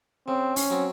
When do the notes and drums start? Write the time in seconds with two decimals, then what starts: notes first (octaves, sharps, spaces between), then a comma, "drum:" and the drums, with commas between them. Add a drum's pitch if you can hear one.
0.27 C#3 C4
0.56 C#4, drum: open hi-hat
0.70 F#3 C4